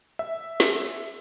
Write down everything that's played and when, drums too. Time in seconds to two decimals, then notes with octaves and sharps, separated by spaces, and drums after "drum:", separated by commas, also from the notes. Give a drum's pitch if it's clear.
0.19 E5
0.60 drum: snare